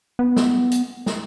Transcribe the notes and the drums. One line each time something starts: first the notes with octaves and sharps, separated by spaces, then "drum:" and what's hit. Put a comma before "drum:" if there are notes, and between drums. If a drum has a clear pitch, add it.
B3
drum: snare
drum: hi-hat
drum: snare